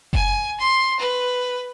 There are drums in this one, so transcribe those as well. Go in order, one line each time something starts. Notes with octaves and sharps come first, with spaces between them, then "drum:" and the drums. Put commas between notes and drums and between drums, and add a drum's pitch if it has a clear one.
G#5, drum: kick F#1
C6
B4